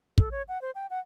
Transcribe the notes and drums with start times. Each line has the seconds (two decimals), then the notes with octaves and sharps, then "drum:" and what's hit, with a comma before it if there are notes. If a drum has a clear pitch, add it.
0.18 A4, drum: kick
0.31 C#5
0.48 F#5
0.62 C5
0.75 G5
0.90 F#5